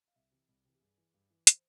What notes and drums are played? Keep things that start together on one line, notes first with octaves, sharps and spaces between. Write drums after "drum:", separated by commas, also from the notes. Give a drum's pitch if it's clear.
F5
C2 E5
C3 E3
C2
C3 E3
G4
G2 G#4
E3
G2
E3
C5, drum: hi-hat